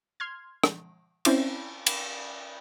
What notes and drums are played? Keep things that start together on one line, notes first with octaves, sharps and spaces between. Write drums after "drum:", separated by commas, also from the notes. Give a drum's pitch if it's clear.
C6 F6 G#6
drum: rim click
C4 C#4 E4 C5 D5, drum: cymbal
drum: cymbal